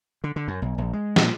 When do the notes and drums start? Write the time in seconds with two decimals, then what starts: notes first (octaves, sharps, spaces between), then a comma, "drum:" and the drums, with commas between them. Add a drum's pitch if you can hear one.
0.24 D3
0.36 D3
0.48 F#2
0.62 B1
0.78 A#1
0.93 G#3
1.16 A#2, drum: snare